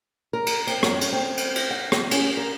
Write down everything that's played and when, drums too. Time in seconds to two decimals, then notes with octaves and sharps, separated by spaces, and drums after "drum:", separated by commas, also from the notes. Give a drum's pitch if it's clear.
0.33 A#4
0.46 drum: cymbal
0.67 C4, drum: cymbal
0.83 F#2, drum: rim click
1.01 drum: cymbal
1.13 C4
1.37 drum: cymbal
1.56 drum: cymbal
1.70 F#5
1.92 drum: rim click
2.11 C#4, drum: cymbal
2.37 A#4